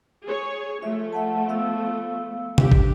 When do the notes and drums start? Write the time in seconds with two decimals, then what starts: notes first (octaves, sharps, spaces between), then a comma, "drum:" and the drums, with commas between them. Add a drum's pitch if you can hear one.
0.23 G#4 C#5
0.82 F3 A3 E5
1.13 E5 F#5 A5
1.48 B3 F5 E6
2.58 D4 G4, drum: tom C3
2.72 drum: kick